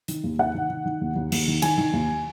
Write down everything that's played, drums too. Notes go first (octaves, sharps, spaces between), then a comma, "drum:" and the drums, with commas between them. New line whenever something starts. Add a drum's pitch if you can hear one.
D#3, drum: hi-hat
D#2
D#3 F#5
D#3
D#3
D#3
D#2
D#2
D#2, drum: cymbal
D#3
D#3 G#5, drum: cymbal
D#3
D#2